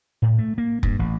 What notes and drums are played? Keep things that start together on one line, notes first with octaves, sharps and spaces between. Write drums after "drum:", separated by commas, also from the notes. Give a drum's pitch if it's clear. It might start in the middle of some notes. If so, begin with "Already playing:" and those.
A2
A3
A#3
G2, drum: kick F1
A1